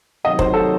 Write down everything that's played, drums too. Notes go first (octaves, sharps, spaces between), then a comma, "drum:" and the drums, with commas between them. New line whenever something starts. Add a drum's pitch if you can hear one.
C3 D#3 F#3 D#5
C5, drum: kick
A4